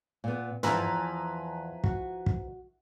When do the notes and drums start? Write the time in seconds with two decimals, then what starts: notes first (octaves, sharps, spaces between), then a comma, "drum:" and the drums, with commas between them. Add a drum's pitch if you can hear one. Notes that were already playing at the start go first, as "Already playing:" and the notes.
0.24 A#2 B3
0.63 E2 F3 E4 B4 G#5 A#5, drum: tom
1.84 F#4, drum: kick
2.26 drum: kick